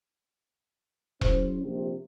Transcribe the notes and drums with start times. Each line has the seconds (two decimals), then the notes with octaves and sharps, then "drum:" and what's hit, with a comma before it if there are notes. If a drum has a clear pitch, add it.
1.21 F#3 C#4 E4 G#4 C5, drum: kick E1
1.60 A#1 C3